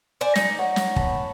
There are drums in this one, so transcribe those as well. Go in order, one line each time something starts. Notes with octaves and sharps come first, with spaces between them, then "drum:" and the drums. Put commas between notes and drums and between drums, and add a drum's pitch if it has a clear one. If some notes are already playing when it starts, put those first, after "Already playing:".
C5 D5 G#5
D#4, drum: snare
C#5 F#5
drum: snare
B3 A5 B5, drum: kick